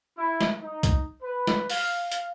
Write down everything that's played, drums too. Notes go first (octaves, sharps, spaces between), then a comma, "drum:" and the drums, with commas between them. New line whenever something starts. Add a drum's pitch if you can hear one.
E4
drum: snare
D#4
drum: kick C2, hi-hat
B4
drum: snare
F5, drum: open hi-hat
drum: hi-hat